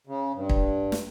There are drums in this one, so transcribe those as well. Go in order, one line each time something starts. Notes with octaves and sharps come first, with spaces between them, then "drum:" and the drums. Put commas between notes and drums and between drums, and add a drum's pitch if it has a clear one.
C#3
G2
drum: kick
drum: snare